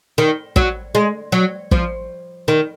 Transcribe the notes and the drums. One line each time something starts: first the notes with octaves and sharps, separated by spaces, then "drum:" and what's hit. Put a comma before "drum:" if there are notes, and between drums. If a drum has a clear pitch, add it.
D#3
F#3, drum: kick
G#3
F#3
F3, drum: kick
D#3